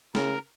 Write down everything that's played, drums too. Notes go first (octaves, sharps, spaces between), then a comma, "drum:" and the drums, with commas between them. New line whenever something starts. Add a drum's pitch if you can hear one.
C#3 A#4, drum: snare